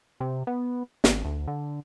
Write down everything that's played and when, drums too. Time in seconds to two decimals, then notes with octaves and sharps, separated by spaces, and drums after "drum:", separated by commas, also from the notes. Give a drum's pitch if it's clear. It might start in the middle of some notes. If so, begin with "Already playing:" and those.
0.20 C3
0.47 B3
1.04 G#1, drum: snare
1.25 D2
1.48 D3